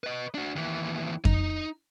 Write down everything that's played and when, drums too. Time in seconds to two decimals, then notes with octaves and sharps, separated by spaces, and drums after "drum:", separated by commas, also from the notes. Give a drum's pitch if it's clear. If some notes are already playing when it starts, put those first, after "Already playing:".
0.04 B4 D#5
0.35 D4 F#4
0.56 D#2 E3
1.25 D#4, drum: kick F2